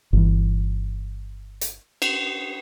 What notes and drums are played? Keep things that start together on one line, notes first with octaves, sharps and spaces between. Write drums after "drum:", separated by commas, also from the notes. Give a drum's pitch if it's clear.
G1 E3
drum: hi-hat
drum: cymbal